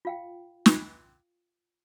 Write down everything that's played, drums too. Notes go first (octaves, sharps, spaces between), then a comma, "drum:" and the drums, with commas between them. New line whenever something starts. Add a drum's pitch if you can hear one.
F4 F5 G5
drum: snare